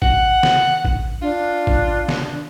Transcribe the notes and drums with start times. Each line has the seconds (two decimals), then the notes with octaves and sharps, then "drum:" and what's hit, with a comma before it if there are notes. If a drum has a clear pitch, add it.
0.02 F#5, drum: kick
0.43 drum: snare
0.85 drum: kick
1.22 D4 F4
1.67 drum: kick
2.09 drum: snare